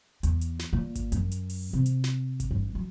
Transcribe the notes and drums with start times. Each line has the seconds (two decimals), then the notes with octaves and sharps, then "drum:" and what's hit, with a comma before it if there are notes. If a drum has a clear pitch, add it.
0.23 E2, drum: hi-hat
0.41 drum: hi-hat
0.59 drum: snare
0.73 A#2
0.95 drum: kick G#1, hi-hat
1.12 F#2, drum: hi-hat
1.32 drum: hi-hat
1.50 drum: open hi-hat
1.73 C3
1.86 drum: hi-hat
2.04 drum: snare
2.40 drum: kick G#1, hi-hat
2.51 G2
2.75 F#3